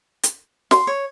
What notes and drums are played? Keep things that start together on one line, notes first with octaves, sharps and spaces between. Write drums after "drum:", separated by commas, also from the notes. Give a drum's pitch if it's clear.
drum: hi-hat
C6, drum: snare
C#5